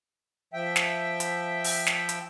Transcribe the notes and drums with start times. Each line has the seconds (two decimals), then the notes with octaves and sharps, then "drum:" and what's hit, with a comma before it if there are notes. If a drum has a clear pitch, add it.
0.53 F3 E5 G5
0.76 drum: snare
1.20 drum: hi-hat
1.64 drum: open hi-hat
1.86 drum: snare
2.09 drum: hi-hat